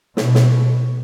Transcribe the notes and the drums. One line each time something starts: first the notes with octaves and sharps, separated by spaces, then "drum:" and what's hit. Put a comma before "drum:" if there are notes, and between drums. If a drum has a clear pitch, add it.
B2, drum: snare
drum: snare